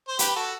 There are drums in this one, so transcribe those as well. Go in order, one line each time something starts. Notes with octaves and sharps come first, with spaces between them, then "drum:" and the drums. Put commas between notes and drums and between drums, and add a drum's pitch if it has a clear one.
C5
G4 B4, drum: hi-hat
F#4 A4